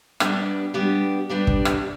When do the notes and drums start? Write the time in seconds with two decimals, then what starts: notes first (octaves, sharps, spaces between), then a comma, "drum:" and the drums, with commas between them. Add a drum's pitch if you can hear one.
0.20 G3 B3 D4 G4, drum: rim click
0.74 G3 B3 D4 G4
1.29 G3 B3 D4 G4
1.47 drum: kick
1.65 drum: rim click